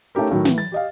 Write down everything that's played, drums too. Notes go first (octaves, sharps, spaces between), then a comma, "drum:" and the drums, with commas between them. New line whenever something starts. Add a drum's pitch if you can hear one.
A3 C#4 D#4 G4 A#4
A2 D#3 F#3 A3
E3, drum: snare
A6
G4 D#5 F5